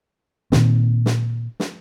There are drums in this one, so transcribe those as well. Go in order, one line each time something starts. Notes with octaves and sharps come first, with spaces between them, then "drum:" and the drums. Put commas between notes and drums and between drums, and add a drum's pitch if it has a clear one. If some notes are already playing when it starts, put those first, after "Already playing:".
A#2 D#3 C4, drum: snare
drum: snare
drum: snare